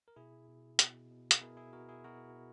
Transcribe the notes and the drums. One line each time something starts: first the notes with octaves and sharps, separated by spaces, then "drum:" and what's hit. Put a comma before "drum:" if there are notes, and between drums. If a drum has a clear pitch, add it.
A#4
B2 E4 G#4
B2
B2, drum: hi-hat
B2
A#4, drum: hi-hat
B2 E4 G#4
E4 G#4
B2 F#4 A#4
E4 G#4
B2 F#4 A#4
B2